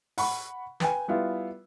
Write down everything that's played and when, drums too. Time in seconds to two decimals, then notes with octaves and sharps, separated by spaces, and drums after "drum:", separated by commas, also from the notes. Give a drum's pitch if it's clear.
0.18 F#5 B5 C#6, drum: open hi-hat
0.80 B4 G5 G#5, drum: snare
1.08 G3 B3 E4 F4